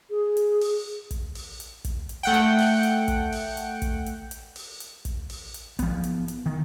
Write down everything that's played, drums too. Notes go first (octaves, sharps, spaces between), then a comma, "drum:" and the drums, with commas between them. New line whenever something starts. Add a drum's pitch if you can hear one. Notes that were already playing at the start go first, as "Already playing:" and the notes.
G#4
drum: hi-hat
drum: open hi-hat
drum: kick, hi-hat
drum: open hi-hat
drum: hi-hat
drum: kick, hi-hat
drum: hi-hat
A3 F#5 G5
drum: hi-hat
drum: open hi-hat
drum: hi-hat
drum: kick, hi-hat
drum: open hi-hat
drum: hi-hat
drum: kick, hi-hat
drum: hi-hat
drum: hi-hat
drum: open hi-hat
drum: hi-hat
drum: kick, hi-hat
drum: open hi-hat
drum: hi-hat
F3 B3, drum: kick, hi-hat
drum: hi-hat
drum: hi-hat
D#3